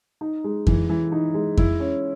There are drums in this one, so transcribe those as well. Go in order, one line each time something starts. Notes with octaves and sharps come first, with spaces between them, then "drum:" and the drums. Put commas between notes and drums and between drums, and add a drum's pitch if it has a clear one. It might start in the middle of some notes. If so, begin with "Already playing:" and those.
D#4
G#3
E3, drum: kick F2
E3
D#4
G#3
E4, drum: kick F2
C#4